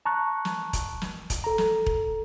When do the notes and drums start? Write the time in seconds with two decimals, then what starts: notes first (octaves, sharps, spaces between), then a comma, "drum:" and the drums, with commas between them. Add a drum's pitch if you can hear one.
0.05 A5 A#5 C#6 F#6
0.45 drum: snare
0.73 drum: kick E1, hi-hat
1.02 drum: snare
1.30 drum: kick E1, hi-hat
1.44 A4 A#5
1.58 drum: snare
1.86 drum: kick E1